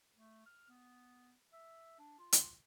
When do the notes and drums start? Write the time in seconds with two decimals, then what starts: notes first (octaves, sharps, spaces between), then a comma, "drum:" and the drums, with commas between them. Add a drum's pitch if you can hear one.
0.16 A3
0.46 F6
0.69 B3
1.53 E5
1.99 D4
2.19 F4
2.32 drum: hi-hat